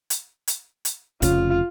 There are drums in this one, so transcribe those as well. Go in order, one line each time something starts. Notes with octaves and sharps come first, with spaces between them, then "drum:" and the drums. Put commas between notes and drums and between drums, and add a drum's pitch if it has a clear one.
drum: hi-hat
drum: hi-hat
drum: hi-hat
F1 C#3 F4, drum: kick, hi-hat